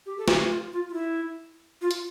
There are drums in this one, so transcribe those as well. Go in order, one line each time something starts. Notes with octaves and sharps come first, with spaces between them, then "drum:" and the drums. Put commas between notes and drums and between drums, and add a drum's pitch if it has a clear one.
G4
A4
G4, drum: snare
F4
F4
F4
E4
F4
drum: hi-hat